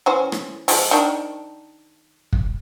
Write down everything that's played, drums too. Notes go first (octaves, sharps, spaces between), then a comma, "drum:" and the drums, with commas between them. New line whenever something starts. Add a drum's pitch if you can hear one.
E3 C#4 C5
drum: rim click
F3 G#3, drum: open hi-hat
D#3 D4
drum: kick